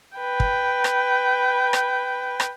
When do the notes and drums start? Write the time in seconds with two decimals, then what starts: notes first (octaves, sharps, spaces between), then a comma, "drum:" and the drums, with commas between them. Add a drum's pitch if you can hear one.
0.18 B4 G5
0.40 drum: kick
0.84 drum: rim click
1.73 drum: rim click
2.40 drum: rim click